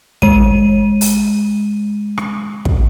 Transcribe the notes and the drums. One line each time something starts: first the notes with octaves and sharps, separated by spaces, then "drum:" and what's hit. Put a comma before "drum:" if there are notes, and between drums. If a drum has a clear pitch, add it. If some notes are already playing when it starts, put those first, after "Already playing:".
G#3 D#7, drum: kick
drum: open hi-hat
drum: rim click
drum: kick